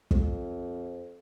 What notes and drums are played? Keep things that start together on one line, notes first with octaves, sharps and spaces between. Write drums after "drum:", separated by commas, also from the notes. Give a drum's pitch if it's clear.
F2, drum: kick